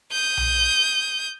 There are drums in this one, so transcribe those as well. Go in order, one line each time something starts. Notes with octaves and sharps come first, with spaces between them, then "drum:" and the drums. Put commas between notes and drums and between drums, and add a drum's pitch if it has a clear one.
D#6 G6
drum: tom B1